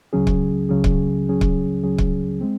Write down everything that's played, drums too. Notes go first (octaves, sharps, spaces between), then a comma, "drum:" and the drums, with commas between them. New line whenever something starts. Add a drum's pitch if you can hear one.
C#2 C#3 F#3 C#4 G#4
drum: kick C#1
C#2 C#3 F#3 C#4 G#4
drum: kick C#1
C#2 C#3 F#3 C#4 G#4
drum: kick C#1
C#2 C#3 F#3 C#4 G#4
drum: kick C#1
G#3 C4